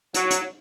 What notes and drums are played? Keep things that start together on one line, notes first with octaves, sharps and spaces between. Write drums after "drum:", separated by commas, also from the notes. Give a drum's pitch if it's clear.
F#3, drum: hi-hat
drum: hi-hat